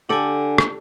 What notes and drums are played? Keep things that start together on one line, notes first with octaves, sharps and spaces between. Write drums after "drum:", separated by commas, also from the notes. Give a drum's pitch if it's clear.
D3 D4 G4 A4 D5 G#5
drum: rim click